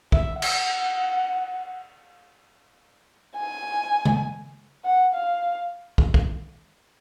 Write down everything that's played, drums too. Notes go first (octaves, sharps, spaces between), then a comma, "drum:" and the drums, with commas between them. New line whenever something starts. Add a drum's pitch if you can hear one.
E5, drum: kick
F#5, drum: cymbal
G#5
drum: tom C#3
F#5
F5
drum: kick
drum: kick